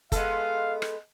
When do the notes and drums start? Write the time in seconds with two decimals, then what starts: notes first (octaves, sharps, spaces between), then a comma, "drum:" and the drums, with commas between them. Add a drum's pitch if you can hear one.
0.12 G#3 B3 A4 F5, drum: kick F#1, hi-hat
0.82 drum: rim click